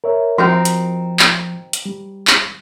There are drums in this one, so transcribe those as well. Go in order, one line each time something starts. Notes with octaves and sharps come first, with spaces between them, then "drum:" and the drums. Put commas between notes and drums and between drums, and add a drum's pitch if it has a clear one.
A#4 C#5 E5
F3 C4 D#4 F#4 A#4
drum: hi-hat
drum: clap
drum: hi-hat
G3
drum: clap